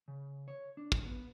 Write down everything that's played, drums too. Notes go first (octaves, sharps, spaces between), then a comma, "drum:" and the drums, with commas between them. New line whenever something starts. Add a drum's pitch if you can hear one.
C#3
C#5
D4
D3, drum: kick
B3